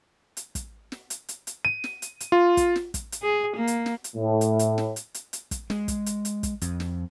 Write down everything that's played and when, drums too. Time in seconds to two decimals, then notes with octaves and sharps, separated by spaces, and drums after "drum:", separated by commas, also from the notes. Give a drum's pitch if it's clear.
0.37 drum: hi-hat
0.55 drum: kick, hi-hat
0.92 drum: snare
1.10 drum: hi-hat
1.29 drum: hi-hat
1.47 drum: hi-hat
1.65 D#7
1.84 drum: snare
2.02 drum: hi-hat
2.20 drum: hi-hat
2.32 F4
2.57 drum: kick, hi-hat
2.76 drum: snare
2.94 drum: kick, hi-hat
3.12 drum: hi-hat
3.22 G#4
3.56 A#3
3.67 drum: hi-hat
3.86 drum: snare
4.04 drum: hi-hat
4.16 A2
4.41 drum: hi-hat
4.59 drum: hi-hat
4.78 drum: snare
4.96 drum: hi-hat
5.14 drum: hi-hat
5.33 drum: hi-hat
5.51 drum: kick, hi-hat
5.70 G#3, drum: snare
5.88 drum: kick, hi-hat
6.06 drum: hi-hat
6.25 drum: hi-hat
6.43 drum: kick, hi-hat
6.62 F2, drum: hi-hat
6.80 drum: snare